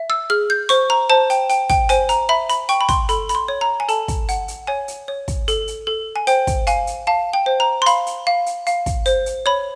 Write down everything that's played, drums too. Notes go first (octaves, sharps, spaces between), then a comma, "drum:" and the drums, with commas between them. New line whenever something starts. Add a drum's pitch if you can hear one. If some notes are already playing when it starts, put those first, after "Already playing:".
Already playing: E5
E6
G#4 F6
G6
C5 C#6, drum: hi-hat
A#5
C5 A5
G5, drum: hi-hat
G5, drum: hi-hat
G5, drum: kick, hi-hat
C5 G#5, drum: hi-hat
A#5, drum: hi-hat
E5 B5
B5, drum: hi-hat
G5 C#6, drum: hi-hat
B5
C6, drum: kick, hi-hat
A4 B5, drum: hi-hat
B5, drum: hi-hat
C6
C#5
A#5
G#5
A4 A5, drum: hi-hat
drum: kick, hi-hat
F#5, drum: hi-hat
drum: hi-hat
C#5 G#5
drum: hi-hat
C#5
drum: kick, hi-hat
A4, drum: hi-hat
drum: hi-hat
A4
G#5
C5 G5, drum: hi-hat
drum: kick, hi-hat
F5 G#5, drum: hi-hat
drum: hi-hat
F5 A5
G5
C5
A#5
C6
F5 B5, drum: hi-hat
drum: hi-hat
F5
drum: hi-hat
F5, drum: hi-hat
drum: kick, hi-hat
C5, drum: hi-hat
drum: hi-hat
C#5 B5